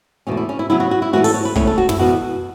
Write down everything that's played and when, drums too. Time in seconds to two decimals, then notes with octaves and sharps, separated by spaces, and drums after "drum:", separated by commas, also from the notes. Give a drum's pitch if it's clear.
0.27 E2 B2 A3 C#4
0.37 E4
0.49 C#4
0.59 E4
0.70 C#3 F#3 B3 E4
0.80 F#4
0.91 F#4
1.02 E4
1.13 A2 E3 A3 C#4 F#4
1.24 A4, drum: open hi-hat
1.34 C#5
1.45 B4
1.55 E2 C#3 A3 C#5, drum: kick
1.67 A4
1.78 F#4
1.89 E4, drum: tom
1.99 E2 B2 B3 F#4